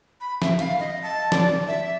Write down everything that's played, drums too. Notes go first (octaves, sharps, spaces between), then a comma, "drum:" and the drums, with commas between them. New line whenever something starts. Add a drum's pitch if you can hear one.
B5
E5, drum: snare
F5, drum: hi-hat
D#5
A5
D5, drum: snare
E5